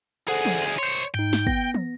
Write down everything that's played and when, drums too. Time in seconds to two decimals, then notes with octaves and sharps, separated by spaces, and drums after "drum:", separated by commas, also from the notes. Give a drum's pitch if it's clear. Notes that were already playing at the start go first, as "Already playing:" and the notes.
0.28 D2 G#4 A4 C5 F#5
0.45 drum: tom E3
0.79 C5 C#5 C6 G6, drum: hi-hat
1.14 G#2 D#4 G5
1.33 drum: snare
1.47 B3 A#6, drum: kick
1.74 drum: tom E3